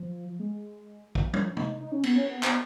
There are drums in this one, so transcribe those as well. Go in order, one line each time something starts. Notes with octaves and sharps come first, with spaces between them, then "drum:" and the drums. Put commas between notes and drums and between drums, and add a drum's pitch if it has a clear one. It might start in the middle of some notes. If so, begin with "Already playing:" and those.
Already playing: F3
G#3
drum: kick
F3, drum: tom
D#4, drum: tom
D#4
C#4
B3, drum: cymbal
C#4
B3
B3, drum: clap